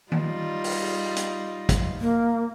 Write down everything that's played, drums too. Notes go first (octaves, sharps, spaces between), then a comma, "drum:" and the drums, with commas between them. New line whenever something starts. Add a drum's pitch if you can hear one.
G3 D#4 F4, drum: tom D#3
drum: open hi-hat
drum: hi-hat
drum: kick, hi-hat
A#3